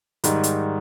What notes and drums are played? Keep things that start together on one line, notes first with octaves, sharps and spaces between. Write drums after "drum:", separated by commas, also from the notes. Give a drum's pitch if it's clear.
G#2 D#3 G3, drum: hi-hat
drum: hi-hat